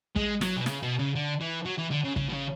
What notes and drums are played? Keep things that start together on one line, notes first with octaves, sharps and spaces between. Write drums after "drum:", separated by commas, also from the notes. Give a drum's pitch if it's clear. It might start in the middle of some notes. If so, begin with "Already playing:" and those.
G#3, drum: kick
F#3, drum: snare
B2
C#3, drum: snare
B2
C#3
D3
E3
F#3
E3
D3
C#3
C#3, drum: kick
B2
C#3